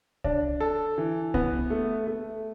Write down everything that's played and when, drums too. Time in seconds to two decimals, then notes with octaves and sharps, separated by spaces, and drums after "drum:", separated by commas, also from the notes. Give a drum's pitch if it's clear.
0.24 D4, drum: kick C2
0.60 A4
0.98 E3
1.34 B3, drum: kick C2
1.70 A3
2.07 A3